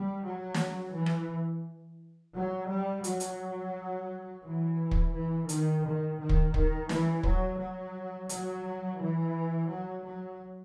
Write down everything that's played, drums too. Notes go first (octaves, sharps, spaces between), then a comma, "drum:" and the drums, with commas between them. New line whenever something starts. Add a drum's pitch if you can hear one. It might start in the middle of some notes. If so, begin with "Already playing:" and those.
Already playing: G3
F#3
drum: snare
E3
drum: rim click
F#3
G3
F#3, drum: hi-hat
drum: hi-hat
E3
drum: kick
E3
D#3, drum: hi-hat
D#3
D#3
drum: kick
D#3, drum: kick
E3, drum: snare
F#3, drum: kick
F#3
F#3, drum: hi-hat
E3
F#3
F#3